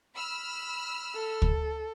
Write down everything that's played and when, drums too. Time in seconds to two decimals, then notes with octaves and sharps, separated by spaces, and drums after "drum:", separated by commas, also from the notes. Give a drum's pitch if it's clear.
0.15 B5 E6 F6
1.15 A4
1.42 drum: kick